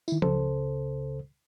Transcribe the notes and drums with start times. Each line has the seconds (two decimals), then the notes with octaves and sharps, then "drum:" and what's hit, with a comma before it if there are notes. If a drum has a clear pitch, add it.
0.08 D#3 E4, drum: tambourine
0.22 C#2 C#3 A4 C5, drum: tom F3